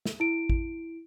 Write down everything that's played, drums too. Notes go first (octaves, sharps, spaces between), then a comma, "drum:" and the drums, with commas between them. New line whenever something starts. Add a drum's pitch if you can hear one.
drum: snare
E4 D7
drum: kick A1